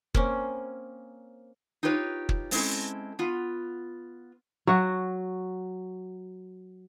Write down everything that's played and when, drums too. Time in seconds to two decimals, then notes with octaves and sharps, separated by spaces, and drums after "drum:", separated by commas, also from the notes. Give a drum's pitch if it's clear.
0.14 A#3 C4 C#4, drum: kick
1.83 D#4 F4 G4 B4 C#5
2.29 drum: kick
2.51 G#3 C4 C#4 E4 A4, drum: open hi-hat
3.19 B3 F4
4.67 F#3 F#4